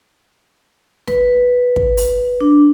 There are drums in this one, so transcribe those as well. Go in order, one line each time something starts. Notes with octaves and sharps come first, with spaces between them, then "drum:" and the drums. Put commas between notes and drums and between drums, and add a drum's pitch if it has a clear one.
B4, drum: snare
drum: kick
drum: open hi-hat
D4